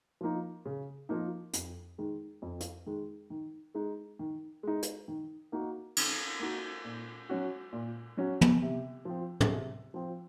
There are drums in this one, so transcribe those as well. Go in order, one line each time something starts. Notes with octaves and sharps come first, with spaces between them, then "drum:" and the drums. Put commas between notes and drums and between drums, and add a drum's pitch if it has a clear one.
F3 A#3 D#4
C#3
F3 A#3 D#4
F2, drum: hi-hat
D#3 G#3
F2
drum: hi-hat
D#3 G#3
D#3
G#3 D#4
D#3
G#3 D#4
drum: hi-hat
D#3
A#3 D#4 F#4
D#3, drum: cymbal
A#3 D#4 F#4
A#2
F#3 C#4 F#4
A#2
F#3 C#4 F#4
drum: tom
C3
F3 C4
drum: tom
C3
F3 C4